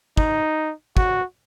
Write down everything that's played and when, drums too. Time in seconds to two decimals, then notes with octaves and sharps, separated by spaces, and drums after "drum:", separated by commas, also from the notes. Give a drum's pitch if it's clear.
0.17 D#4, drum: kick
0.97 F#4, drum: kick